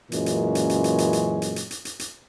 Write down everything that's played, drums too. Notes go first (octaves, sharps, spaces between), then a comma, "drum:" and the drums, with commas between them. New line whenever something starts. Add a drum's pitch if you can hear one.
F#2 A#2 E3 F#3 G#3 C#4, drum: hi-hat
drum: hi-hat
drum: hi-hat
drum: hi-hat
drum: hi-hat
drum: hi-hat
drum: hi-hat
drum: hi-hat
drum: hi-hat
drum: hi-hat
drum: hi-hat
drum: hi-hat